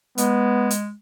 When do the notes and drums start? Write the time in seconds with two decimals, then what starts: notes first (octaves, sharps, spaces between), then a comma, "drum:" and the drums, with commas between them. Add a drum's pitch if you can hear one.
0.18 G#3 B3, drum: hi-hat
0.71 drum: hi-hat